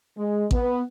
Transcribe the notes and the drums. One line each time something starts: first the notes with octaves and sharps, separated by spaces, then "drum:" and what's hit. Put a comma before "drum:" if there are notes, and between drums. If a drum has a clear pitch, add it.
G#3
B3, drum: kick A1